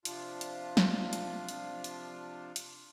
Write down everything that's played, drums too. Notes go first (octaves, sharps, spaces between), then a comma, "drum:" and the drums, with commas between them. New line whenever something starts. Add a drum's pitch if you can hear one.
C3 F3 D4 F4, drum: hi-hat
drum: hi-hat
drum: snare
drum: hi-hat
drum: hi-hat
drum: hi-hat
drum: hi-hat